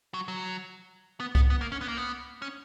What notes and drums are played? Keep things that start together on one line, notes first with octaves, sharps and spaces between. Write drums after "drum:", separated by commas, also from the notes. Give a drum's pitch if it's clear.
F#3
F#3
B3
B3, drum: kick C2
B3
A#3
C#4
B3
A#3
B3
C#4